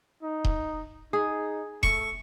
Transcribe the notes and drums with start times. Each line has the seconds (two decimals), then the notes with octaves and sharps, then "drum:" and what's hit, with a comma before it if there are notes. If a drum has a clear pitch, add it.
0.23 D#4
0.45 drum: kick D#1
1.13 D#4 G#4
1.83 A3 C#6, drum: kick D#1